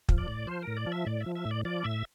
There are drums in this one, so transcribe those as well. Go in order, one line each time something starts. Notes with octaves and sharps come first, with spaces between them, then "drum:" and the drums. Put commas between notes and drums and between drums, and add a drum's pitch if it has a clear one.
F3, drum: kick
D5
A2
F3 C5
A2 A#4
D5
F3
E5
A2 D5
E5
F3
E5
A2
D5
F3 D5
A2 E5